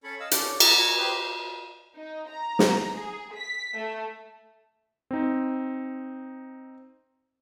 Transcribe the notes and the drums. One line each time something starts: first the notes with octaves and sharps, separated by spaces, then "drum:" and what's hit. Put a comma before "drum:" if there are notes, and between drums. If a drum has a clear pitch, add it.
C#4 A4 C#5 B5
D#5 F5 E6
C#4 D4 A4, drum: hi-hat
F#4 G#4 E5 A5 A#5 D6, drum: cymbal
G#5 A#5 C#6
G4 B4 C5 C6 D#6 G6
D#4
A#5
drum: snare
G#4
B6
A3
C4 D#4